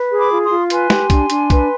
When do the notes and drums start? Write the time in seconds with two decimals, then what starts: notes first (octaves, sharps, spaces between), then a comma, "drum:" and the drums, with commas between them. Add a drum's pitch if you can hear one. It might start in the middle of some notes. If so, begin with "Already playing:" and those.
Already playing: B4
0.11 G#4
0.18 B5 D6
0.31 F4
0.44 C6 D#6
0.51 F4
0.70 B4 G#5 C6, drum: hi-hat
0.90 G4, drum: snare
1.10 D4, drum: kick, hi-hat
1.30 D4, drum: hi-hat
1.50 B4, drum: kick, hi-hat